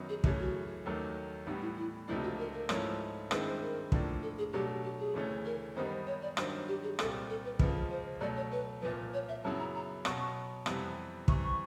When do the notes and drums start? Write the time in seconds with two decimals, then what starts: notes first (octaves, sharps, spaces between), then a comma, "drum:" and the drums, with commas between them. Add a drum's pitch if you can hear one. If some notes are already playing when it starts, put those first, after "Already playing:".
Already playing: F#2 D#3 F#3 B3
0.09 G#4
0.24 F#2 C#3 E3 A3 C#4 G4, drum: kick
0.39 F#4
0.86 D#2 D#3 F#3 A3
1.47 A2 E3 G3 B3 D#4
1.62 E4
1.77 E4
2.08 C#2 C3 F3 A3 D4 E4
2.23 F#4
2.39 A#4
2.54 A#4
2.69 G#2 F3 A3 C#4 E4, drum: rim click
3.31 G2 D#3 G#3 C4 E4 B4, drum: rim click
3.47 C5
3.61 A#4
3.92 A2 F3 A#3 D4, drum: kick
4.23 A4
4.38 G#4
4.53 B2 F#3 A3 D4 G4
4.84 G4
4.99 G#4
5.14 D2 C#3 E3 A3 C#4
5.46 A#4
5.75 F#2 D#3 G3 B3 D#4 C5
6.07 C#5
6.22 D5
6.37 G2 D#3 F#3 C5, drum: rim click
6.68 G4
6.83 G#4
6.99 C2 A#2 G3 C4 A4, drum: rim click
7.30 A4
7.45 B4
7.59 C#2 C#3 F3 B4, drum: kick
7.90 C5
8.21 B2 F#3 A3 D5
8.37 C#5
8.51 B4
8.82 C2 A#2 F3 B4
9.14 C#5
9.28 E5
9.44 F#2 C#3 F#3 B3 E4 A5
9.60 A#5
9.75 A#5
10.05 B2 F#3 B3 C#6, drum: rim click
10.20 C#6
10.66 F2 C3 E3 G3 B3, drum: rim click
11.28 C3 E3 G3 C#6, drum: kick
11.43 C#6